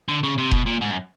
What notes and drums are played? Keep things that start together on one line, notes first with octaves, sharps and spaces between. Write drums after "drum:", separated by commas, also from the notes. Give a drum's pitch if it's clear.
D3
C#3
C3
B2, drum: kick F1
A#2
G#2
F#2